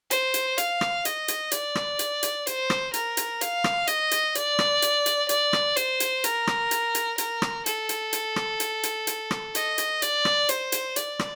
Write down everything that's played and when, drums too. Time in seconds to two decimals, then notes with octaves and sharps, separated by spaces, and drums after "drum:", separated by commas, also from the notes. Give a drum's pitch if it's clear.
0.11 C5, drum: hi-hat
0.34 drum: hi-hat
0.58 F5, drum: hi-hat
0.81 drum: rim click
1.05 D#5, drum: hi-hat
1.28 drum: hi-hat
1.52 D5, drum: hi-hat
1.75 drum: rim click
1.99 drum: hi-hat
2.23 drum: hi-hat
2.47 C5, drum: hi-hat
2.70 drum: rim click
2.94 A#4, drum: hi-hat
3.17 drum: hi-hat
3.41 F5, drum: hi-hat
3.64 drum: rim click
3.87 D#5, drum: hi-hat
4.11 drum: hi-hat
4.35 D5, drum: hi-hat
4.59 drum: rim click
4.82 drum: hi-hat
5.06 drum: hi-hat
5.29 D5, drum: hi-hat
5.53 drum: rim click
5.77 C5, drum: hi-hat
6.00 drum: hi-hat
6.24 A#4, drum: hi-hat
6.47 drum: rim click
6.71 drum: hi-hat
6.95 drum: hi-hat
7.18 A#4, drum: hi-hat
7.42 drum: rim click
7.66 A4, drum: hi-hat
7.89 drum: hi-hat
8.13 drum: hi-hat
8.36 drum: rim click
8.60 drum: hi-hat
8.83 drum: hi-hat
9.07 drum: hi-hat
9.31 drum: rim click
9.55 D#5, drum: hi-hat
9.78 drum: hi-hat
10.02 D5, drum: hi-hat
10.25 drum: rim click
10.49 C5, drum: hi-hat
10.72 drum: hi-hat
10.96 D5, drum: hi-hat
11.19 drum: rim click